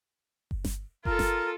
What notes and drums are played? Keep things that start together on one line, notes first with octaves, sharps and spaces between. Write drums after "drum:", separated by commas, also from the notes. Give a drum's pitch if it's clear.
drum: kick F#1
drum: snare G1
F4 A4 A#4, drum: kick F#1
drum: snare G1